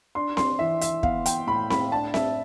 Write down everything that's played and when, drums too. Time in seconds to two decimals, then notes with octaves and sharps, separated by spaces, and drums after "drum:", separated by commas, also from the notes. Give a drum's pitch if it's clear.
0.15 D4 C6
0.37 C6, drum: snare C4
0.59 E3 E5
0.81 E5, drum: hi-hat
1.03 B3 F5, drum: kick
1.26 G5, drum: hi-hat
1.47 A2 B5
1.70 B5, drum: snare C4
1.92 D4 A5
2.14 E5, drum: snare C4